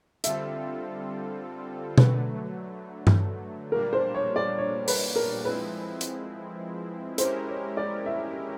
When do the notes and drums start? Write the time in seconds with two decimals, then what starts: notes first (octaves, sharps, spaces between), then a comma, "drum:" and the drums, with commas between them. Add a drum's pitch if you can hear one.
0.24 D3 G3 C4 F4 A4 E5, drum: hi-hat
1.98 D3 F#3 A3 B4, drum: tom
3.07 drum: tom G2
3.71 A#2 G3 A#3 D4 A#4
3.93 C5
4.14 C#5
4.36 D5
4.58 C#5
4.88 B4, drum: open hi-hat
5.16 A#4
5.45 F3 G#3 C4 E4 B4
6.01 drum: hi-hat
7.18 G#3 C#4 E4 G4 A#4 C5, drum: hi-hat
7.47 C#5
7.77 D5
8.06 E5